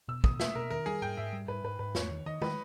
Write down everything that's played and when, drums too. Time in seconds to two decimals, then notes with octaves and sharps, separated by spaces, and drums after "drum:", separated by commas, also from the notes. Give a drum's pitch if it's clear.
0.08 B2 E6
0.24 B2 D#6, drum: kick
0.39 A#3 E5, drum: snare
0.55 B2 A#4
0.70 D#3 A#4
0.86 G3 G#4
1.02 G#2 G5
1.17 G#2 E5
1.33 G3
1.48 G#2 B4
1.64 G#2 B4
1.79 G#2 B4
1.95 E2 C#5, drum: snare
2.11 D#3
2.26 D#3 D#5
2.42 D#3 B4, drum: tom